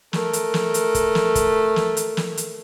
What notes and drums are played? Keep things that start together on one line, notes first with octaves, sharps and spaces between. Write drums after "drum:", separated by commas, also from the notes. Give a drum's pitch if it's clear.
A3 A#4, drum: snare
drum: hi-hat
drum: snare
drum: hi-hat
drum: kick, hi-hat
drum: snare
drum: kick, hi-hat
drum: snare
drum: hi-hat
drum: snare
drum: hi-hat